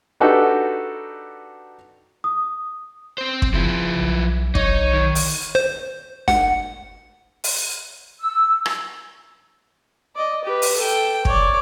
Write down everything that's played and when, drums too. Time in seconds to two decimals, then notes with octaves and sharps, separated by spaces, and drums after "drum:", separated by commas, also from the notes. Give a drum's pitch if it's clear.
0.20 D4 D#4 F#4 G4 A4 B4
2.24 D#6
3.18 C4 C5
3.42 drum: kick
3.54 C#3 F3 E4
3.98 B1
4.55 B1 D#4 C#5, drum: kick
4.93 D#3
5.15 drum: open hi-hat
5.55 C5
6.28 F#5, drum: snare
7.44 drum: open hi-hat
8.18 E6
8.66 drum: rim click
10.15 D5 D#5
10.44 G4 B4
10.62 drum: open hi-hat
10.76 A4 G5
11.25 C#5 D5, drum: kick